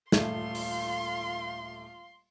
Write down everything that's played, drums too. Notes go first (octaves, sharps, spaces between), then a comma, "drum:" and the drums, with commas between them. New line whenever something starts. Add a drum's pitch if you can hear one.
D#1 A3 F4 F5 C6, drum: snare
drum: open hi-hat